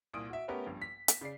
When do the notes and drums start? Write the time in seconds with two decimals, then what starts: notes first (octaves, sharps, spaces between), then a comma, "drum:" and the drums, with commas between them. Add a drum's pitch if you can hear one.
0.14 C2 A#2 D#6 D7
0.29 F#4 E5
0.48 A3 B3 C#4 G4 A#4 B4
0.66 A#1 G2
0.82 B6
1.08 drum: hi-hat
1.21 C#3 D5 C7